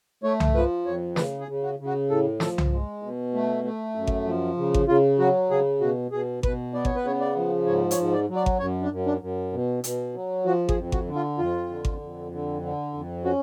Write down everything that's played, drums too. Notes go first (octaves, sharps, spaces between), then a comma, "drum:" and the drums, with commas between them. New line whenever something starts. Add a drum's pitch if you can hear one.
A3 C#5
drum: tom C2
F3 B4
F2 C#5
C#3 B4, drum: snare
G#4
C#3
F#4
C#3
F#4
A2 A4
F3 A4, drum: snare
drum: tom C2
G#3
B2
A3
A3
F#2
drum: kick G#1
F3
C#3
drum: kick G#1
C#3 F4
F#3 F#4
C#3 G#4
B2 F#4
B2 G#4
B2 B4, drum: kick G#1
B3 D5
C#5, drum: kick G#1
B4
C#3 C#5
D5
F3
G#2 C#5
C#5, drum: hi-hat
G#2
D5
F#3
D5
drum: kick G#1
F#2 C#5
D4
F#2
D4
F#2
B2
B2, drum: hi-hat
F#3
F3 F#4
G#4, drum: kick G#1
F2
F#4, drum: kick G#1
D3
F4
F2 F4
D3
drum: kick G#1
F2
D3
D3
F2
C#4 F#4